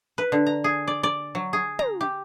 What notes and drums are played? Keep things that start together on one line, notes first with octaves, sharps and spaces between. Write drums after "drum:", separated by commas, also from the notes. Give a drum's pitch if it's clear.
B4
D3
A#5
G#4
D5
D5
F#3
G#4
A#5, drum: tom
G4